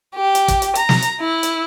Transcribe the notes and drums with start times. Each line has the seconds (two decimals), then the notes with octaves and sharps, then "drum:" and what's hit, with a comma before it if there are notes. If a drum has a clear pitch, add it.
0.15 G4
0.35 drum: hi-hat
0.48 drum: kick, hi-hat
0.62 drum: hi-hat
0.75 A#5, drum: hi-hat
0.89 drum: snare
1.02 drum: hi-hat
1.22 E4
1.43 drum: hi-hat